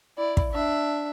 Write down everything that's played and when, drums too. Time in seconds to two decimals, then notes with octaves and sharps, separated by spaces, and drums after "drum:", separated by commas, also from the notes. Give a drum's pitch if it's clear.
0.18 E4 D5
0.37 drum: kick
0.51 D4 E5